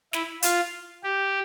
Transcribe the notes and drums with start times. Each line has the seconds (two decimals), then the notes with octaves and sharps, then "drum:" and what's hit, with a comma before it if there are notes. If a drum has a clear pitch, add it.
0.13 E4, drum: snare
0.42 F4, drum: hi-hat
1.04 G4